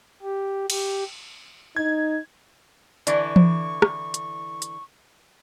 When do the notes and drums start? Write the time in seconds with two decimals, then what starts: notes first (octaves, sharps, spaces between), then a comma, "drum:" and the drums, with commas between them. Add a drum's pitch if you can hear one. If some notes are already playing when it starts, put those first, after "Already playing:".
0.23 G4
0.70 G4, drum: cymbal
1.76 D#4 G#6
3.07 D3 E3 E4 D5 C#6, drum: hi-hat
3.36 drum: tom E3
3.82 drum: rim click
4.14 drum: hi-hat
4.62 drum: hi-hat